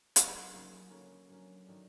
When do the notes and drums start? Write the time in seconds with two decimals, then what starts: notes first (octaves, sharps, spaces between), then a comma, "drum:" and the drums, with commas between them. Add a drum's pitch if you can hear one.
0.16 C#3 F#3 A#3 D#4, drum: hi-hat
0.53 C#3 F#3 A#3 D#4
0.90 D3 F#3 A#3 C#4
1.29 D3 F#3 A#3 C#4
1.67 D#3 F#3 A3 D4